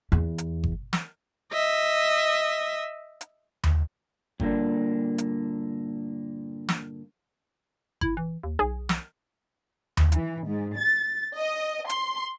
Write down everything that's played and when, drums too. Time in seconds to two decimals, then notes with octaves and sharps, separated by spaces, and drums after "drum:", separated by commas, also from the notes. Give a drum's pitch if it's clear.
0.12 E2
0.38 drum: hi-hat
0.64 drum: kick G1
0.93 drum: snare
1.52 D#5 E5
3.21 drum: hi-hat
3.64 drum: tom D#2
4.40 G2 A#2 D3 G3 A#3 D4, drum: kick G1
5.18 drum: hi-hat
6.69 drum: snare
8.01 E4, drum: kick G1
8.17 E3
8.43 D#2
8.59 B1 G#4
8.89 drum: snare
9.97 drum: tom D#2
10.12 E3, drum: hi-hat
10.46 G#2
10.76 A6
11.38 D#5
11.89 C6, drum: hi-hat